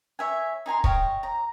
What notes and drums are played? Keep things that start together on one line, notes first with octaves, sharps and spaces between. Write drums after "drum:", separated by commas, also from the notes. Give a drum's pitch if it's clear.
C#5 E5 G#5
D#4 G#5 A#5 C6
C#5 D#5 F5 G5, drum: kick
A#5